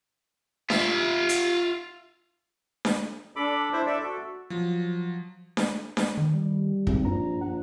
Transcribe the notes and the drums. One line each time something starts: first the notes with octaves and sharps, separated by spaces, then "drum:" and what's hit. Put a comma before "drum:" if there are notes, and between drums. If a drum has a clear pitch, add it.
F4 E5, drum: snare D4
drum: hi-hat
drum: snare D4
D4 A4 B5 D6
E4 C5 E5
A4 D5 E5
F#4 A4
F3 F#3
drum: snare D4
drum: snare D4
D#3
G3
G#1, drum: kick
A#1 G2 A#5
A#1 F#5